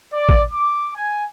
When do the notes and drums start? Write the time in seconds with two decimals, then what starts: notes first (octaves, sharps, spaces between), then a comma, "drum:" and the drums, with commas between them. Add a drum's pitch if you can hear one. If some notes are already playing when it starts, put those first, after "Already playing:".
0.12 D5
0.29 drum: kick A1
0.52 D6
0.95 G#5